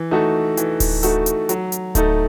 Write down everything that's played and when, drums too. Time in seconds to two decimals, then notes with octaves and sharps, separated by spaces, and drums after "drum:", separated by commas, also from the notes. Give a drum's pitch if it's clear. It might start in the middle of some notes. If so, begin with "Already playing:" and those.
Already playing: E3
0.11 A3 D#4 F#4 A4
0.57 E3, drum: hi-hat
0.80 drum: kick D1, open hi-hat
1.03 A3 D#4 F#4 A4, drum: hi-hat
1.26 drum: hi-hat
1.49 F#3, drum: hi-hat
1.72 drum: hi-hat
1.95 A3 D#4 A4, drum: kick D1, hi-hat